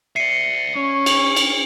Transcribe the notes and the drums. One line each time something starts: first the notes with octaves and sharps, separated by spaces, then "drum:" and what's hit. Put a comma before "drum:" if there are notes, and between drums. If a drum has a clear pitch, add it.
D5 E5 C7 C#7 D#7
C#4 C#5
drum: cymbal
drum: cymbal